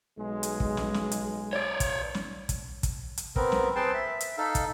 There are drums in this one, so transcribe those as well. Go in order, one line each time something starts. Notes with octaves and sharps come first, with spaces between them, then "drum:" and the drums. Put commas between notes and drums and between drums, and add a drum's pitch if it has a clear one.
B1 G#3
drum: hi-hat
drum: kick
drum: snare
drum: snare
drum: hi-hat
C#5 D5
drum: kick, hi-hat
drum: snare
drum: kick, hi-hat
drum: kick, hi-hat
drum: hi-hat
B3 C4 A#4, drum: kick
drum: snare
C4 G#4 B4 G5 A5 C6
E5
drum: hi-hat
D#4 A4 F5
drum: kick, hi-hat